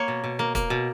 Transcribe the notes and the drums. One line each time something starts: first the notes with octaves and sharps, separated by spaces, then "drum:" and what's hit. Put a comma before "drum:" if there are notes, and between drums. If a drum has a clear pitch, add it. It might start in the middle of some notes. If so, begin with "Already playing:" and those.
Already playing: A#3 C#5
B2
B2
A#3
A#3, drum: kick, hi-hat
B2